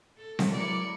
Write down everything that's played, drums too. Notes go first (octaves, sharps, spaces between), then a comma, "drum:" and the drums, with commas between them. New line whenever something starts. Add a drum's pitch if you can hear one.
A4
drum: snare C4
F#3 G#3 E4 A#4 D5 C#7